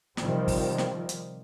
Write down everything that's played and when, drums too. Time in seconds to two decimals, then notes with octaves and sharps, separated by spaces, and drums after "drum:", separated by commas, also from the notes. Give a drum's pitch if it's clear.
0.17 C3 D#3 F3 G3 C4, drum: snare
0.48 drum: kick, open hi-hat
0.78 drum: snare
1.09 drum: hi-hat